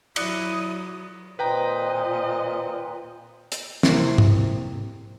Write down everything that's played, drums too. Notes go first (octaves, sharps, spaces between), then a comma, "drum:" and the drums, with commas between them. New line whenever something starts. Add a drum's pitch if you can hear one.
F#3 E4 D5 D#6 F#6 C#7, drum: cymbal
D#2 A#2 C4 B4 C5 D#5 G5 A#5
drum: hi-hat
C3 A#3 E4 C5, drum: snare
drum: tom G#2